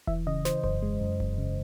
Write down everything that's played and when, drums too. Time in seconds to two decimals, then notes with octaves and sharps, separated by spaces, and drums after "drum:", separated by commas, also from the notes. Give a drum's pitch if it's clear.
0.07 E3 E5, drum: kick E1
0.27 C#3 D#5
0.45 E3 C5, drum: snare
0.63 F#2 C5, drum: kick E1
0.82 G#3
1.01 F#2
1.20 F#2, drum: kick E1
1.38 C#3